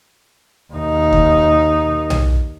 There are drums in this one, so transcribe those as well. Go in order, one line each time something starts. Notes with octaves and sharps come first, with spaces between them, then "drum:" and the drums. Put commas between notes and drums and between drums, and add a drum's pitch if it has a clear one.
D#2 D#4
drum: kick D2
drum: tom B1